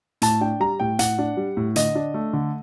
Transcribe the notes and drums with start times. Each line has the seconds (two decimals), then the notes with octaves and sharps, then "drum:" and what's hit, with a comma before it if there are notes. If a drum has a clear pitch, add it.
0.22 A2 A5, drum: hi-hat
0.41 D4 G5
0.60 G3 A#5
0.80 A2 G5
0.99 A2 F#5, drum: hi-hat
1.19 D4
1.37 G3
1.57 A2
1.76 D3 D#5, drum: hi-hat
1.95 D4
2.14 A3
2.33 D3